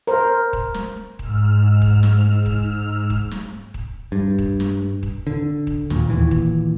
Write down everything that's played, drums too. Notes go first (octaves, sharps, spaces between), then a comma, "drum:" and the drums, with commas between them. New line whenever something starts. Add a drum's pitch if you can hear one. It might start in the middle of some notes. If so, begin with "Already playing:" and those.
A#4 C5
drum: kick D#1
drum: snare
G#2 E6 F6, drum: kick D#1
drum: kick D#1
drum: snare
drum: kick D#1
drum: kick D#1
drum: snare
drum: kick D#1
G2
drum: kick D#1
drum: snare
drum: kick D#1
D3
drum: kick D#1
D#2 A#2, drum: snare
D#2 A#2 E3
drum: kick D#1